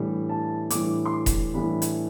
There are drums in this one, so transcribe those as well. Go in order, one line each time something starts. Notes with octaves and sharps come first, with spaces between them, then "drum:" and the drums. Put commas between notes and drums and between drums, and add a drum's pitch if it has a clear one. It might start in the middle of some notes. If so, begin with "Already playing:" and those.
Already playing: A2 E3 G3 D4
A5
A2 E3 G3 D4 D6, drum: hi-hat
C6
D6
drum: kick E1, hi-hat
A2 E3 G3 D4 B5
drum: hi-hat